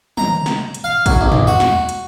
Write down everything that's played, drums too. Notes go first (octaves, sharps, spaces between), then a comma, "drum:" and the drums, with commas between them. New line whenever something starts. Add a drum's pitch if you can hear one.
A#5, drum: tom
drum: snare
drum: hi-hat
F5
F#3, drum: kick A1, hi-hat
B1
drum: tom
F#4
drum: snare
drum: hi-hat